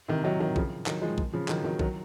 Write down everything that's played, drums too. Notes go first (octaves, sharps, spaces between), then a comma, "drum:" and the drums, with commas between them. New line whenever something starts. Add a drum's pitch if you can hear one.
C3 D#3
D#3 F#3
D#3 F#3
C#3 F3, drum: kick B1
D#3 F#3, drum: clap
F3 G#3
drum: kick B1
C#3 F3
D#3 F#3, drum: clap
D#3 F#3
D#3 F#3, drum: kick B1